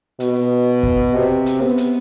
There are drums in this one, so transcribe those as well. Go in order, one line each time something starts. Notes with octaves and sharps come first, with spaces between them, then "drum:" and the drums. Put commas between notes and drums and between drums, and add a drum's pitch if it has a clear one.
B2, drum: hi-hat
drum: kick
C3
drum: hi-hat
B3
drum: hi-hat